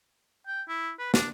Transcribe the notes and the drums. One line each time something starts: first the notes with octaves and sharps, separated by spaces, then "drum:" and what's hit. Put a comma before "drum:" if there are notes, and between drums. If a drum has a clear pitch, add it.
G5
E4
B4
D4, drum: snare